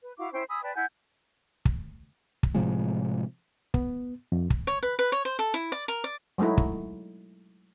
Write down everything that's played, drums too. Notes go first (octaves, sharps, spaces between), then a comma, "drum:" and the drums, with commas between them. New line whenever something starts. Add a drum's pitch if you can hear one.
B4
E4 F#4 F5 D6
C#4 E4 C5 G5
G#5 B5 D#6 E6
B4 D5 G5 A5
E4 F#5 G#5 G6
drum: kick
drum: kick
A2 C3 F3 G#3
B3, drum: kick
F2
drum: kick
C#5
B4
B4
C#5
C5
A4
E4
D5
A#4
D5
F#3 G#3 A3 D#4 E4
drum: kick